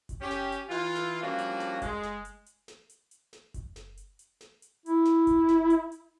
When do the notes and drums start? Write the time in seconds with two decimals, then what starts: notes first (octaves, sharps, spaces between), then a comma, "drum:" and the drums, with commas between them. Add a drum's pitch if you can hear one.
0.09 drum: kick F#1, hi-hat
0.21 C#4 G4
0.31 drum: snare
0.52 drum: hi-hat
0.69 E3 F4
0.95 drum: snare
1.22 F3 G3 A#3 C#4 D4 F#4
1.38 drum: hi-hat
1.60 drum: snare
1.82 G#3, drum: kick F#1, hi-hat
2.03 drum: snare
2.25 drum: hi-hat
2.46 drum: hi-hat
2.68 drum: snare
2.90 drum: hi-hat
3.11 drum: hi-hat
3.33 drum: snare
3.54 drum: kick F#1, hi-hat
3.76 drum: snare
3.97 drum: hi-hat
4.19 drum: hi-hat
4.41 drum: snare
4.62 drum: hi-hat
4.86 E4, drum: hi-hat
5.05 drum: snare
5.27 drum: kick F#1, hi-hat
5.49 drum: snare
5.70 drum: hi-hat
5.92 drum: hi-hat